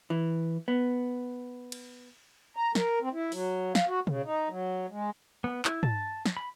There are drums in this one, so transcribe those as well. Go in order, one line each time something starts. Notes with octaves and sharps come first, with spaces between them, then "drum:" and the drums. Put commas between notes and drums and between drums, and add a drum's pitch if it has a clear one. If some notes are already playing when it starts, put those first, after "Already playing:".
E3
B3
drum: cymbal
A#5
A#4, drum: snare
C4
E4
F#3, drum: open hi-hat
F5, drum: snare
F#4
C#3, drum: tom
D#4
F#3
G#3
B3
E4, drum: clap
A5, drum: tom
drum: snare
B5